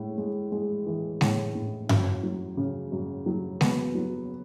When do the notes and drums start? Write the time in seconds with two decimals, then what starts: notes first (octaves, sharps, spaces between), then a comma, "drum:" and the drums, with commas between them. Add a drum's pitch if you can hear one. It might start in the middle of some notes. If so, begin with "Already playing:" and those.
Already playing: A2 G#3
0.18 G#3
0.52 G#3
0.86 E3
1.21 A2, drum: snare G#3
1.55 A2
1.89 F#2, drum: tom G2
2.23 F#3
2.57 C#3
2.92 F#2
3.26 F#3
3.61 B3, drum: snare G#3
3.94 F#3